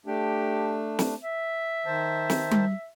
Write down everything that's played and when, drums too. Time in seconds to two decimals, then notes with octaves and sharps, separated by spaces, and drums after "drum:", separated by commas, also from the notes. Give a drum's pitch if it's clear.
0.06 A3 D4 G4
0.99 drum: snare
1.23 E5
1.86 D#3 C5 A5
2.30 drum: snare
2.51 drum: tom G3